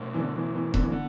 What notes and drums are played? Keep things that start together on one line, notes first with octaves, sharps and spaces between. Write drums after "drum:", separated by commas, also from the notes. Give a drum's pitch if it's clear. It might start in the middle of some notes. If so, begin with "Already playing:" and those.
Already playing: B2 A3 D4
E3
D3
E3
E3
D3, drum: kick E1
E3
D3 B3